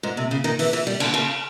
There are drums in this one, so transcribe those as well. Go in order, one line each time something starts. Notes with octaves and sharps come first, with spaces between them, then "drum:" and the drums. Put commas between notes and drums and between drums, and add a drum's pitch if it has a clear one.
G#2
C3
C#3
D#3
E3, drum: open hi-hat
E3
G3
D3, drum: cymbal
C#3